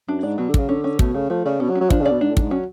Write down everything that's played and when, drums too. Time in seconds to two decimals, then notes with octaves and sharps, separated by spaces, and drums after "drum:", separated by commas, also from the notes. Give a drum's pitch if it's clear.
0.08 F#2 D4
0.23 G#2 D5
0.38 B2 F#3
0.49 D3
0.54 C#3 F#3, drum: kick
0.69 D3 C#4
0.84 C#4
0.99 B2 A3, drum: kick
1.14 C#3 A3
1.30 F3 A3
1.45 C#3 D5
1.60 B2 C#4
1.70 F#3
1.75 C#4
1.81 F#3
1.90 F3 D4, drum: kick
2.01 C#3
2.06 D5
2.11 B2
2.21 G#2 D4
2.31 A2
2.37 G#2 D4, drum: kick
2.51 F#3 C#4